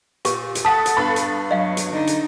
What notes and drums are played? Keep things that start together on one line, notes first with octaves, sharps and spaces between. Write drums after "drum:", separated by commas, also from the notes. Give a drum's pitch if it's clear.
A#2 G4 B4 C#6, drum: hi-hat
drum: hi-hat
A4 F#5 A5 D#6 B6
drum: hi-hat
G2 B3 B5
drum: hi-hat
F#3 D#5 F5
drum: hi-hat
D3 D#4
drum: hi-hat